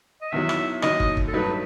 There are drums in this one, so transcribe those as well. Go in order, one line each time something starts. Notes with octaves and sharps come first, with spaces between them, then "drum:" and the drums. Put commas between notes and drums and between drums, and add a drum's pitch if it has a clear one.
D#5
E2 D#3 F#3 E5
drum: rim click
D#2 D#3 F#3 D#5, drum: rim click
drum: kick
drum: kick
A4
G2 F#3 A3 D#4 B4